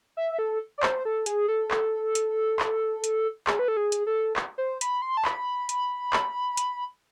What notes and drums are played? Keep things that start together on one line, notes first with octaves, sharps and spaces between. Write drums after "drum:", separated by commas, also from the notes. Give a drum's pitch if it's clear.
E5
A4
D5
C5, drum: clap
A4
G#4, drum: hi-hat
A4
drum: clap
drum: hi-hat
drum: clap
drum: hi-hat
G#4, drum: clap
B4
A4
G#4
drum: hi-hat
A4
drum: clap
C5
B5, drum: hi-hat
C6
A5
B5, drum: clap
drum: hi-hat
drum: clap
drum: hi-hat